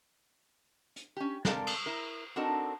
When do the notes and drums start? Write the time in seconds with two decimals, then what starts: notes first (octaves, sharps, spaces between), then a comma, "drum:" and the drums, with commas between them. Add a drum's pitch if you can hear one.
0.96 drum: hi-hat
1.17 C#4 G4
1.45 G#3 C4 A4 A#4 D5 F5, drum: snare
1.67 drum: cymbal
1.86 E4 A#4
2.36 C4 D4 D#4 F#4 A4 A#4